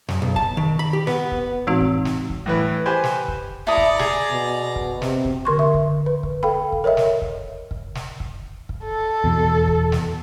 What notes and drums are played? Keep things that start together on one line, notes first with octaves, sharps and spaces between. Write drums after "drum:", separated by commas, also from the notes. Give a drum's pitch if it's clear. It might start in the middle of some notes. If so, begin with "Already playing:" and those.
F#2, drum: snare
B1
A5, drum: kick
D#3
B5
G4
B3, drum: snare
drum: kick
A2 E3 G#3 C4 D#4 F#4
drum: kick
drum: snare
drum: kick
A2 E3 B4
G4 B4 C5 G#5
drum: snare
drum: kick
E4 A4 D5 A#5 D#6
drum: kick
G#4, drum: snare
B2
drum: kick
C3, drum: snare
drum: kick
D3 A#4 C6 C#6
D3 E5
drum: kick
B4
drum: kick
A4 F5 G5 B5
drum: kick
A#4 C#5 D#5 E5
drum: snare
drum: kick
drum: kick
drum: snare
drum: kick
drum: kick
A4
E2 B2
drum: kick
drum: snare